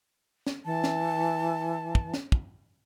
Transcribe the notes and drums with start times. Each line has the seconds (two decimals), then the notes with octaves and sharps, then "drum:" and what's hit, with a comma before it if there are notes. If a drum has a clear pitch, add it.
0.47 drum: snare
0.65 E3 A5
0.84 drum: snare
1.95 drum: kick
2.14 drum: snare
2.32 drum: kick